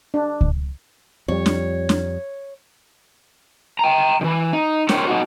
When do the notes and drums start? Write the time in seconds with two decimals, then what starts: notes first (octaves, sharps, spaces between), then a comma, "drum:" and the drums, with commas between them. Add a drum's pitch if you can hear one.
0.14 D4
0.41 drum: kick C#2
1.28 F2 G3 C#5
1.46 drum: snare
1.89 drum: snare
3.79 G5 A#5
4.21 D#3 E3
4.53 D#4
4.89 G4 A#4 C5 C#5, drum: snare
5.07 B3 D#4 F#4